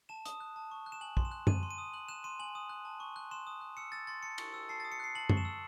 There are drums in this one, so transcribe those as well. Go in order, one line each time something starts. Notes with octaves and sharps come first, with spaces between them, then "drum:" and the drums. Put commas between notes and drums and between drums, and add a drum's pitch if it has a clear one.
A5 E7
D#6, drum: hi-hat
F#6
A5
C#6
F#6
E7
G#5 F#7
C6, drum: kick A#1
E7
F#6
F#6 D#7, drum: tom F#2
C6
D#7
D#6
F#6 F#7
F#6 E7
C6 D#7
G#5 F#7
D#6
F#6
A5
C#6
F#6
C6 E7
D#6
F#6
E6 C#7
E6 A6
C6 A6
A5 C#7
C#6, drum: cymbal
E6
A5 C7
A6
D#6
C#7
F#6 C7
A5 F#7
C#6, drum: tom F#2
E7
E6